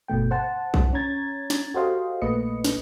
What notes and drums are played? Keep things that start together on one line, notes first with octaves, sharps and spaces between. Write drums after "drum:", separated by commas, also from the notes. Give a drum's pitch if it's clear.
G1 B2 A3 G5
C5 F#5 A5
drum: kick B1
C#4 C#5 A#5 G#6 A6
drum: snare
F#4 G4 A4 C5 D#5 F5
A#1 A3 A#3 B4 D#5 C#7
drum: snare